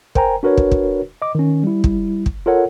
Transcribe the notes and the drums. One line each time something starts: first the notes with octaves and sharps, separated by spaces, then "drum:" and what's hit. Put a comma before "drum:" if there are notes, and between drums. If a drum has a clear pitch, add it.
A#4 C5 G5 G#5 A#5, drum: kick
D4 F#4 A#4 B4 C#5
drum: kick
drum: kick
D#5 D6
D#3 C#4
G3 E4
drum: kick
drum: kick
F4 A4 A#4 C#5 F#5